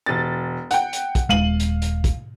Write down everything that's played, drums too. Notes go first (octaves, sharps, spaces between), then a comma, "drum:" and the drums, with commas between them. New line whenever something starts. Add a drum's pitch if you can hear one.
E1 A6
F#5 G5, drum: hi-hat
drum: hi-hat
drum: kick, hi-hat
D#1 G#3 F5 D#7 F#7
drum: hi-hat
drum: hi-hat
drum: kick, hi-hat